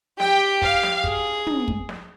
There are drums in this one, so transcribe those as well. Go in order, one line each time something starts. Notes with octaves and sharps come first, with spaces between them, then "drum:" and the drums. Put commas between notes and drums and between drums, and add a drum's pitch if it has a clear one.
G4 G5, drum: snare
F5, drum: kick
drum: snare
G#4, drum: kick
drum: tom
drum: kick
drum: snare